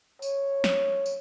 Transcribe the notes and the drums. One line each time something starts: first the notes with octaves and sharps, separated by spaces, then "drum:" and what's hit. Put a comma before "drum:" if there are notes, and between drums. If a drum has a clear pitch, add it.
C#5, drum: tambourine
drum: snare
drum: tambourine